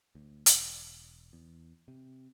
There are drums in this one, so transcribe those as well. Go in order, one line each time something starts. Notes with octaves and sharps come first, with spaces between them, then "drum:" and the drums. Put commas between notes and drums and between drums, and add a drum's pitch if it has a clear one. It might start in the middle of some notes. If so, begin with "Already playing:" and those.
D2
E1, drum: hi-hat
E2
C3